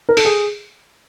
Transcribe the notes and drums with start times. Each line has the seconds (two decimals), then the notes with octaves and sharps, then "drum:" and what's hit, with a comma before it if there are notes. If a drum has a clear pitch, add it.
0.09 A#4
0.17 A4, drum: open hi-hat
0.25 G#4